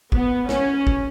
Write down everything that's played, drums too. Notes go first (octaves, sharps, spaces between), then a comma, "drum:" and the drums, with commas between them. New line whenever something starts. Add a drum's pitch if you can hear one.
B3, drum: kick
C#4, drum: snare
drum: kick